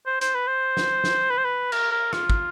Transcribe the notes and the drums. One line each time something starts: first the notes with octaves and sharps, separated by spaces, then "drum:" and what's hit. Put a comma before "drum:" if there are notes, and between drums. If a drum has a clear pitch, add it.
C5
C5, drum: hi-hat
B4
C5
drum: snare
drum: snare
B4
C5
B4
A#4, drum: cymbal
A#4
F4, drum: rim click
drum: kick